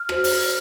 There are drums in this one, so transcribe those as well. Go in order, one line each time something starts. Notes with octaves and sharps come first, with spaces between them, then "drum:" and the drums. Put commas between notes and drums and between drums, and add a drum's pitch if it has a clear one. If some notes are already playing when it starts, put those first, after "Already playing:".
Already playing: F6
F#4 C5, drum: rim click
drum: open hi-hat